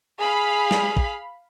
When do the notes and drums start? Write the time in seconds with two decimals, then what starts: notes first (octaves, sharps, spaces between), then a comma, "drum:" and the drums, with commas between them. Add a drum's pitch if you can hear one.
0.19 G#4 F5 B5
0.71 drum: snare
0.97 drum: kick